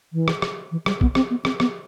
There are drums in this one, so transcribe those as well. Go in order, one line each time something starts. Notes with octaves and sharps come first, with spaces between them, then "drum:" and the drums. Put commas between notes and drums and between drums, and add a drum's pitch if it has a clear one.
E3
drum: rim click
drum: rim click
E3
G3, drum: rim click
B3, drum: kick
C4, drum: rim click
B3
C4, drum: rim click
B3, drum: rim click